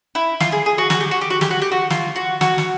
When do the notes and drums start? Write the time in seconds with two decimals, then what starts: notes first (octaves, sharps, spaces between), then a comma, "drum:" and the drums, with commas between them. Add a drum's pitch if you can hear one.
0.15 E4
0.40 F4, drum: snare
0.52 G#4
0.66 G#4
0.78 F#4
0.90 F#4, drum: snare
1.00 G4
1.11 F#4
1.21 G4
1.30 F#4
1.41 G4, drum: snare
1.51 F#4
1.62 G4
1.72 F#4
1.90 F4, drum: snare
2.16 F#4
2.41 F#4, drum: snare
2.58 drum: snare